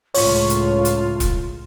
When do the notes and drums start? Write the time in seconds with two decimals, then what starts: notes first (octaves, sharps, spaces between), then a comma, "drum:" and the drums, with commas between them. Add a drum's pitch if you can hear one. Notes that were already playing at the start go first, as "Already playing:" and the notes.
0.14 C#2 A2 F4 C#5 C#6, drum: open hi-hat
0.50 drum: hi-hat
0.85 drum: hi-hat
1.20 drum: kick E1, hi-hat